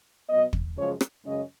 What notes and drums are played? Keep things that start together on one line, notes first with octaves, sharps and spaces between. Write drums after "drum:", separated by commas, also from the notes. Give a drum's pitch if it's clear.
B2 F#3 B3 D#5
drum: kick
F#2 C#3 F3 G#3 C#5
drum: rim click
F#2 C#3 G#3 C#4 D#5